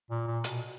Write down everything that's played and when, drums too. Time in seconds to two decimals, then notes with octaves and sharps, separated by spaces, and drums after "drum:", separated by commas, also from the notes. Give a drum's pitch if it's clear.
0.11 A#2
0.27 A#2
0.44 B2, drum: hi-hat